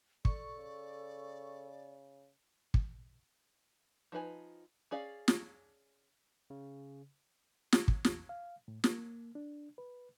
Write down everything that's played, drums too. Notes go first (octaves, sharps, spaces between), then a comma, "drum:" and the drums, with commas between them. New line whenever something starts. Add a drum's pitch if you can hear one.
A4 D5 C#6, drum: kick
C#3
drum: kick
F3 D#4 B4 G#5
C#4 G#4 D5 F5
drum: snare
C#3
drum: snare
drum: kick
E2, drum: snare
F5
A2
A#3, drum: snare
D4
B4